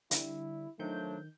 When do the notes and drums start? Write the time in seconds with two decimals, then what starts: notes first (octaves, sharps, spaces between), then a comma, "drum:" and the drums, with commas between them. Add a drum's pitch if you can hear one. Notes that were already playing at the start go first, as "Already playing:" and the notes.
0.11 D3 G3 E4, drum: hi-hat
0.79 D#3 F3 F#3 A3 D4 G6